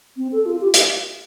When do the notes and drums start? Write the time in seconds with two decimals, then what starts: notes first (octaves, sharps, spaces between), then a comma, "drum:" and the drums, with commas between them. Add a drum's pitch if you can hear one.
0.17 C4
0.32 A4
0.46 F4
0.61 G4
0.74 drum: hi-hat